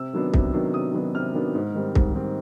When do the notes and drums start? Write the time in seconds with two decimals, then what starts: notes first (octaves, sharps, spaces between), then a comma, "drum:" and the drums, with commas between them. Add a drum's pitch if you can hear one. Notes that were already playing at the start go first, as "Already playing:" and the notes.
Already playing: C3 E6
0.13 D#3 F#3 B3 D4
0.34 C3, drum: kick C2
0.53 D#3 F#3 B3 D4
0.73 C3 D#6
0.94 D#3 F#3 B3 D4
1.14 C3 F6
1.34 D#3 F#3 B3 D4
1.55 G#2
1.75 D#3 G3 C4
1.95 G#2, drum: kick C2
2.14 D#3 G3 C4